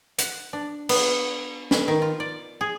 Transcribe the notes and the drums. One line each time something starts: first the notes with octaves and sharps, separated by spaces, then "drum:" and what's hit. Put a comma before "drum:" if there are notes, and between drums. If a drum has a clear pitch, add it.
F#5, drum: hi-hat
D4
B3, drum: cymbal
B4, drum: snare
D#3
F4
D5
G#4